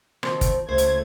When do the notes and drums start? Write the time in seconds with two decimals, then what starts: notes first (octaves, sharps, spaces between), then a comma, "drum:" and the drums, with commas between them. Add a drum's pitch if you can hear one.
0.23 D#3 F3 C4, drum: rim click
0.41 drum: kick, hi-hat
0.69 C#2 A3 C5 G#6
0.78 drum: hi-hat